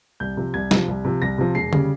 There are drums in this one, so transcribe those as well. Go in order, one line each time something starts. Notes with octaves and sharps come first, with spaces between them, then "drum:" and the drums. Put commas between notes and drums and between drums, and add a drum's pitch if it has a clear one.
C2 G6
C3 F3
C2 G#6
C3 F3, drum: snare
C2
C3 F3
C2 A#6
C3 F3
E1 C7
C#3 G3, drum: tom D3